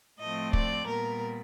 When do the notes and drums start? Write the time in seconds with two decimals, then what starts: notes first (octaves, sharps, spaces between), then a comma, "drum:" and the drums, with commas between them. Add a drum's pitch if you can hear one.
0.20 A2 F3 A3 C4 D#5
0.53 D5, drum: kick
0.87 A#2 G3 B3 A#4